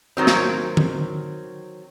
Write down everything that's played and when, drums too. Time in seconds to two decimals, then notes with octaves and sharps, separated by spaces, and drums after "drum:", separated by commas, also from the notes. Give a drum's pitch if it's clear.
0.17 D#3 F#3 C4
0.27 drum: snare
0.77 drum: tom D3